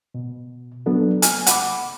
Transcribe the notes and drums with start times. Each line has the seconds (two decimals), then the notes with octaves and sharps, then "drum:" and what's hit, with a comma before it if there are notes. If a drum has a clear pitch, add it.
0.14 B2
0.86 F#3 B3 D4 A4
1.22 G#5 F6, drum: hi-hat
1.46 F#5 B5 D6, drum: hi-hat